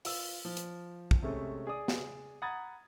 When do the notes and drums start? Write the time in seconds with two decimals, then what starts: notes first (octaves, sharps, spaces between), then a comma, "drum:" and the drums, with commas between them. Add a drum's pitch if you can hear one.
0.05 F4 E6, drum: open hi-hat
0.45 F3
0.57 drum: hi-hat
1.11 drum: kick
1.22 C3 G#3 A3 C#4
1.67 G#4 D5 D#6
1.88 drum: snare
2.42 F#5 A#5 B5 D#6 G#6 A6